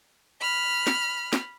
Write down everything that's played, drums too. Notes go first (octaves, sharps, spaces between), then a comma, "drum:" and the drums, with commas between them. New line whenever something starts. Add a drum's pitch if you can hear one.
B5 F6
drum: snare
drum: snare